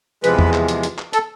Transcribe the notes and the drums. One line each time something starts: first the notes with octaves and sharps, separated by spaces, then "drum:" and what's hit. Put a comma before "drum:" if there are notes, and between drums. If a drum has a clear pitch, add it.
E2 C3 F3 G#3 B4, drum: hi-hat
drum: tom E2
drum: clap
drum: hi-hat
drum: hi-hat
drum: clap
A4, drum: hi-hat